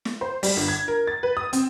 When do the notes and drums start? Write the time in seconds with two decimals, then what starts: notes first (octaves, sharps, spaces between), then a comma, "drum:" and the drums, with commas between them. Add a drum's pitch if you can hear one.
0.05 drum: snare
0.21 C5
0.43 G3, drum: open hi-hat
0.57 G1
0.68 G#6
0.88 A#4
1.07 A6
1.23 B4
1.37 D#6
1.53 C4, drum: hi-hat